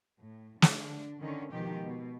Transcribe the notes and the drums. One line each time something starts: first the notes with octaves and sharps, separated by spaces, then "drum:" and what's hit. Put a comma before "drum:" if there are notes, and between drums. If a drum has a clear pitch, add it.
A2
D3 D4, drum: snare
D3 D#3 C#4
B2 D#3 F3 G#3 G4
B2